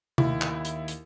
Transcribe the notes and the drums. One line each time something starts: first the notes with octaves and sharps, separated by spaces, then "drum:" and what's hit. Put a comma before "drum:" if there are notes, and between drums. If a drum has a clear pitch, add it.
D#2 E4, drum: tom C3
drum: clap
drum: hi-hat
drum: hi-hat